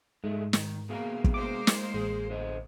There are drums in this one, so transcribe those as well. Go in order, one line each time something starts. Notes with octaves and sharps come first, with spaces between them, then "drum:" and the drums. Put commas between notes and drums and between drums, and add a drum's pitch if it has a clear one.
G#2 G#3 A3
D#3, drum: snare
B2 A#3 G#4 F5
drum: kick
G#3 A#3 C5 D6
drum: snare
A1 G#4
D3 C5 D#5